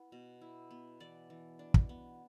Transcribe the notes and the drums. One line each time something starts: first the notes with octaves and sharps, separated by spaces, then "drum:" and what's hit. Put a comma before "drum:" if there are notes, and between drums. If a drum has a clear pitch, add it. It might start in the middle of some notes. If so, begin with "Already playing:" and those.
Already playing: B3 E4
B2
E4
B3
E3 D5
E3
D4
drum: kick
B3